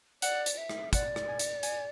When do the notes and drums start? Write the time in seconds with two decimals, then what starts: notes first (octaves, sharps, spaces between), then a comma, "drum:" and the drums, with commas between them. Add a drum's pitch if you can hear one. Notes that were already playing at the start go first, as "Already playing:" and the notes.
0.22 D5 F#5, drum: hi-hat
0.46 drum: hi-hat
0.58 E5
0.69 drum: rim click
0.93 D5 F#5, drum: kick, hi-hat
1.16 drum: rim click
1.28 G#5
1.39 drum: hi-hat
1.63 G#5, drum: hi-hat